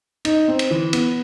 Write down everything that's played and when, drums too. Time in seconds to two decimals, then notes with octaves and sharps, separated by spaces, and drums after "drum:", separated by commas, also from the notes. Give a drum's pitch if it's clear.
0.25 D#4, drum: cymbal
0.48 C4
0.59 drum: cymbal
0.71 E3
0.93 B3, drum: cymbal